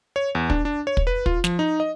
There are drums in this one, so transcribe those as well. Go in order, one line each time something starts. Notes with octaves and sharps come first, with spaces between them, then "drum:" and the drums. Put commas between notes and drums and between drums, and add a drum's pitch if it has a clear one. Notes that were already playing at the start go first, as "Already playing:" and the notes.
C#5
E2
D4, drum: kick
D4
C#5
drum: kick
B4
F4, drum: kick
F3, drum: snare
D#4
D#5